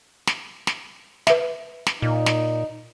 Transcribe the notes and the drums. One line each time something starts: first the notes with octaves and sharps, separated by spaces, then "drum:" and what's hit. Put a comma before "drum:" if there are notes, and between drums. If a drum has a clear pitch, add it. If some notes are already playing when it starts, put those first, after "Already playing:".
drum: snare
drum: snare
B4 E5, drum: snare
drum: snare
A#2 D#4
drum: snare